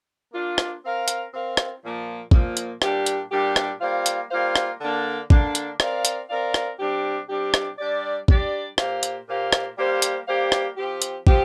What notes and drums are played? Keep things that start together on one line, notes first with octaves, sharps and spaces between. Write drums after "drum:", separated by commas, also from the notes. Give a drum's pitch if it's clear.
A#3 D4 F4
drum: rim click
C4 A#4 F5
drum: hi-hat
C4 A#4 F5
drum: rim click
A#2 F3 A#3
A#2 F3 A#3, drum: kick
drum: hi-hat
A#2 G3 D4 G4, drum: rim click
drum: hi-hat
A#2 G3 D4 G4
drum: rim click
G3 A#3 F4 C5 F5
drum: hi-hat
G3 A#3 F4 C5 F5
drum: rim click
D3 A#3 D4
D3 A#3 D4, drum: kick
drum: hi-hat
C4 A#4 D5 F5, drum: rim click
drum: hi-hat
C4 A#4 D5 F5
drum: rim click
C3 G3 D4 G4
C3 G3 D4 G4
drum: rim click
G3 D4 G4 D5
G3 D4 G4 D5, drum: kick
A#2 A#3 G4 C5 F5, drum: rim click
drum: hi-hat
A#2 A#3 G4 C5 F5
drum: rim click
G3 A#3 G4 C5 F5
drum: hi-hat
G3 A#3 G4 C5 F5
drum: rim click
F3 C4 G4
drum: hi-hat
F3 C4 G4, drum: kick